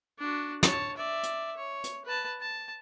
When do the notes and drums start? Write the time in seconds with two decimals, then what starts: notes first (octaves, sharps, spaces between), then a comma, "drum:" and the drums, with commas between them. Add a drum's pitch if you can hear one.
0.19 D4 F#4
0.63 C#5 A5, drum: snare
0.96 D5 E5
1.23 drum: hi-hat
1.57 C#5
1.84 drum: hi-hat
2.05 B4 A5
2.40 A5